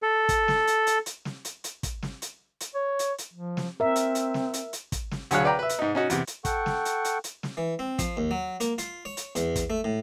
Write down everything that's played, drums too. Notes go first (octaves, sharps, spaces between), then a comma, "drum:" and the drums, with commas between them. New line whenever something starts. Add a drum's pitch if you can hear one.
A4
drum: kick, hi-hat
drum: snare
drum: hi-hat
drum: hi-hat
drum: hi-hat
drum: snare
drum: hi-hat
drum: hi-hat
drum: kick, hi-hat
drum: snare
drum: hi-hat
drum: hi-hat
C#5
drum: hi-hat
drum: hi-hat
F3
drum: snare
C4 A#4 E5
drum: hi-hat
drum: hi-hat
drum: snare
drum: hi-hat
drum: hi-hat
drum: kick, hi-hat
drum: snare
D2 F#3 G#4 C#5 F5 F#6, drum: hi-hat
B4 D5 F5 G5 A#5
B4 E5
drum: hi-hat
G#2 D#4
C#4 D#4 F#4
E2 C3, drum: hi-hat
drum: hi-hat
A4 F#5 G5 C#6, drum: kick, hi-hat
drum: snare
drum: hi-hat
drum: hi-hat
drum: hi-hat
drum: snare
E3
C4
F3, drum: kick, hi-hat
D#2
F#3
A#3, drum: hi-hat
F4, drum: hi-hat
C#5
drum: hi-hat
E2, drum: hi-hat
drum: kick, hi-hat
A3
A2